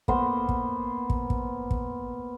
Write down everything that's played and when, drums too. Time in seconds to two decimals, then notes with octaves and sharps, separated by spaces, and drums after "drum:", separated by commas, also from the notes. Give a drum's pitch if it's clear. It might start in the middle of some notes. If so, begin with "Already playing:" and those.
0.08 A#3 B3 C5, drum: kick
0.49 drum: kick
1.10 drum: kick
1.30 drum: kick
1.71 drum: kick